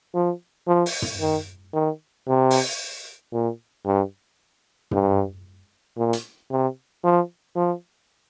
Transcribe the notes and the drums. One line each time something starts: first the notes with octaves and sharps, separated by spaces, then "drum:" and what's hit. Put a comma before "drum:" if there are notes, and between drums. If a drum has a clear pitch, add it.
F3
F3
drum: open hi-hat
drum: tom
D#3
D#3
C3
drum: open hi-hat
A#2
G2
G2, drum: tom
A#2
drum: hi-hat
C3
F3
F3